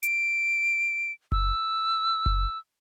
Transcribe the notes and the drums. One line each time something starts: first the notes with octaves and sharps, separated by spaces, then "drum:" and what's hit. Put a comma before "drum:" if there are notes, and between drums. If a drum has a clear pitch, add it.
D7, drum: hi-hat
E6, drum: kick F#1
drum: kick F#1